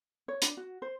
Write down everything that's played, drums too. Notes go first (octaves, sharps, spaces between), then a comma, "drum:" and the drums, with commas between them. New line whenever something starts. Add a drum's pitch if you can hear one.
C#5
D4, drum: hi-hat
F#4
C5